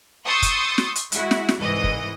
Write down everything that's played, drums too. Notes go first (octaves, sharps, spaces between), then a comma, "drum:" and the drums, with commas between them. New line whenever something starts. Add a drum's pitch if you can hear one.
C6 C#6 D#6 E6 G6 A6
drum: kick, hi-hat
drum: snare
drum: hi-hat
G#3 E4 F#4, drum: hi-hat
drum: snare
drum: snare
C2 G#2 E3 D#5
drum: kick